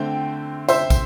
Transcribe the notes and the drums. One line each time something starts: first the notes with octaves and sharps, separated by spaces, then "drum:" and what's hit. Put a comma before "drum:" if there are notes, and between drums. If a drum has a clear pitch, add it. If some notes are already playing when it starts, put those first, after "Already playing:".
Already playing: D3 A3 C4 G5
C5 E5, drum: tambourine
drum: kick, tambourine